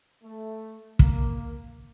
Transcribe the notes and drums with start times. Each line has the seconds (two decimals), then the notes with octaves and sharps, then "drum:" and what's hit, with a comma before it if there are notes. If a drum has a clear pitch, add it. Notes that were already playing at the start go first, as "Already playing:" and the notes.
0.24 A3
0.99 A#3, drum: kick